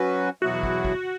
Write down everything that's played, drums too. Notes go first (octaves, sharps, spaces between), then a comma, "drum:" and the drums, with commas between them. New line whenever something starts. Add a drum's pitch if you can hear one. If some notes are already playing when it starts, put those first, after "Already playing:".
Already playing: F#3 C#4 F#4 B4
E2 B2 F#3 B3 E4 F#4
drum: kick
drum: kick